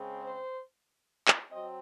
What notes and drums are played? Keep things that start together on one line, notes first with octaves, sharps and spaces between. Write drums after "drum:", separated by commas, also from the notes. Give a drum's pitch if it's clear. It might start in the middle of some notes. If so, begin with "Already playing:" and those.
Already playing: C#3 G#3 C4
C5
drum: clap
F#3 C4 D#5